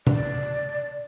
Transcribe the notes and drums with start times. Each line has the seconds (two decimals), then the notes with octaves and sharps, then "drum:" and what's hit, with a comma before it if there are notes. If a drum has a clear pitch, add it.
0.07 D5, drum: tom C3